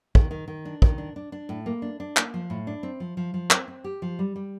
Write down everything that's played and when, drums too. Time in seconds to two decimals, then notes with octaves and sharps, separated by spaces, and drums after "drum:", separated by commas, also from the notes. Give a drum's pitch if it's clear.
0.15 D#3, drum: kick
0.31 D#3
0.48 D#3
0.65 D4
0.82 D#3, drum: kick
0.98 D4
1.16 D4
1.32 D4
1.49 A2
1.66 A#3
1.82 D4
2.00 D4
2.17 A#3, drum: clap
2.34 F3
2.50 A2
2.67 D4
2.83 C4
3.00 F3
3.17 F3
3.34 F3
3.51 C4, drum: clap
3.68 C4
3.84 G4
4.02 F3
4.19 G3
4.36 G3